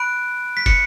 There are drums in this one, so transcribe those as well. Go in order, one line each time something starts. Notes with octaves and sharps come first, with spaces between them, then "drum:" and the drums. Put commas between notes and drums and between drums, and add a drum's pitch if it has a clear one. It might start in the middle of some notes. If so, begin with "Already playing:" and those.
Already playing: B5 F#6 D7
B6
C#7, drum: kick, cymbal